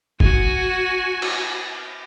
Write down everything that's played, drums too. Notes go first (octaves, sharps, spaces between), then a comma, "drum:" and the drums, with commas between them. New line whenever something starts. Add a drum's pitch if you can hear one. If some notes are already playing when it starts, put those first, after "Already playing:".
F#4 G#5, drum: kick
drum: cymbal